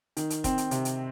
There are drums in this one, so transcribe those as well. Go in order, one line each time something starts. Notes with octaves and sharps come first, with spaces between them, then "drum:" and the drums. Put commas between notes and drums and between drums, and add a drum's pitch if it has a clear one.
D#3, drum: hi-hat
drum: hi-hat
C4, drum: kick, hi-hat
drum: hi-hat
C3, drum: hi-hat
drum: hi-hat